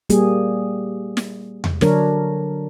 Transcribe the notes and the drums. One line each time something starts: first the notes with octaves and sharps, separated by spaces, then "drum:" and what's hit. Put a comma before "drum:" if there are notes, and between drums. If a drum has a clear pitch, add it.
G3 A#3 G4 G#4, drum: hi-hat
drum: snare
drum: tom E2
D3 F#3 D4 A#4 C#5, drum: snare